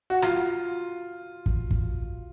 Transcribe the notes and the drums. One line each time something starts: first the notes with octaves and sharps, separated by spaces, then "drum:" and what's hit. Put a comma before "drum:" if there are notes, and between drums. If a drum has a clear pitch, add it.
F#4
F4, drum: rim click
drum: kick
drum: kick